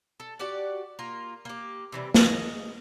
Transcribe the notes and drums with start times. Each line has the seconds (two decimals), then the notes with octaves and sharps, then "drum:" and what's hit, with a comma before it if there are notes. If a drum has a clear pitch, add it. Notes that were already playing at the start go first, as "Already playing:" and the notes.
0.20 A4
0.39 F#4 G4 D5 F#5
0.99 A#3 F4
1.45 A#3 G4
1.92 C3 E3 G3
2.14 G#4 D#5, drum: snare